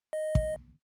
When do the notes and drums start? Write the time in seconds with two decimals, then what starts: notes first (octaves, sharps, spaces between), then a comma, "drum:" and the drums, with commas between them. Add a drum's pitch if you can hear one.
0.13 D#5
0.35 drum: kick